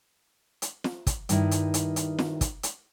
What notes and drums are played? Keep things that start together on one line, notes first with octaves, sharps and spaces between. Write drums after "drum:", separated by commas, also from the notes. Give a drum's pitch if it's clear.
drum: hi-hat
drum: snare
drum: kick, hi-hat
G2 D#3 E4, drum: hi-hat
drum: hi-hat
drum: hi-hat
drum: hi-hat
drum: snare
drum: kick, hi-hat
drum: hi-hat